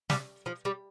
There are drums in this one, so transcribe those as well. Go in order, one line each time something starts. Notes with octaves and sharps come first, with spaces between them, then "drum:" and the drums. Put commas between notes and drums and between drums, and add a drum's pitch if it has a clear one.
G3, drum: snare
F3
G3